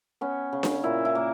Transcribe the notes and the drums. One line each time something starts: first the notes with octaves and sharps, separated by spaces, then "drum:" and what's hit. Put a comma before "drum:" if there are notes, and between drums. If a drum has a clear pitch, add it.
B3 C#4
C#3
drum: snare D4
A#2 E4
E4
A#3